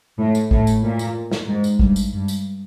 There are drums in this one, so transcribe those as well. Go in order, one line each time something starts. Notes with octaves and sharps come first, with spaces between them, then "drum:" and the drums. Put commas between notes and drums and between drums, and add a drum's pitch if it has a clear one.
A2
drum: tambourine
A2, drum: kick
drum: tambourine
A#2
drum: tambourine
drum: snare
G#2
drum: tambourine
G2, drum: kick
drum: tambourine
G2
drum: tambourine